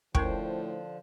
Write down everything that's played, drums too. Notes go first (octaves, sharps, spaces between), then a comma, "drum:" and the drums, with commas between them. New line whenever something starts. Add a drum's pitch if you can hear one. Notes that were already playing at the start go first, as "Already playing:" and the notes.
A2 D3 F3 C#4 A#4 C5 G5 C#6, drum: kick